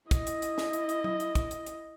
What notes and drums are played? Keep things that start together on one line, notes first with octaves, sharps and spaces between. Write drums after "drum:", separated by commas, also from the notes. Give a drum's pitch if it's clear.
E4 D#5, drum: kick, hi-hat
drum: hi-hat
drum: hi-hat
drum: snare
drum: hi-hat
drum: hi-hat
drum: tom F#3
drum: hi-hat
drum: kick, hi-hat
drum: hi-hat
drum: hi-hat